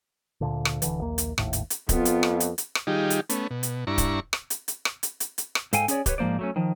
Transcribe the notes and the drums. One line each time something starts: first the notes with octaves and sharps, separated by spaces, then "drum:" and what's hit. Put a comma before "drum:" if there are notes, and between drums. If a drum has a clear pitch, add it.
D2 A#2 D3
drum: rim click
D1 D3 E3, drum: hi-hat
A#1 D#2 A#3
drum: hi-hat
G#1 D#2 A2, drum: rim click
drum: hi-hat
drum: hi-hat
F2 B3 F4, drum: kick D1, hi-hat
drum: hi-hat
drum: rim click
drum: hi-hat
drum: hi-hat
drum: rim click
D#3 G3 D#4 F4 G4 G#4
drum: hi-hat
A3 B3 C#4, drum: hi-hat
B2
drum: hi-hat
G2 D4 E4 A#5 C#6
drum: kick D1, hi-hat
drum: rim click
drum: hi-hat
drum: hi-hat
drum: rim click
drum: hi-hat
drum: hi-hat
drum: hi-hat
drum: rim click
G#2 A4 F5 G5 G#5, drum: hi-hat
C#4 G#4 C#5 D5, drum: hi-hat
G4 B4 C#5, drum: kick D1, hi-hat
G#2 F3 A#3 C5 D5
F#3 A3 C#4
D#3 F3